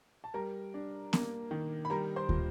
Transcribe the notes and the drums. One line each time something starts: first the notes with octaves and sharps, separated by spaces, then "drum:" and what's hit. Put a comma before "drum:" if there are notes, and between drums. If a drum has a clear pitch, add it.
A5
G3 A#4 A#5
D4
A#3, drum: snare B3
D#3
B5
G3 A#4 A#5
C5 C6
A#2, drum: kick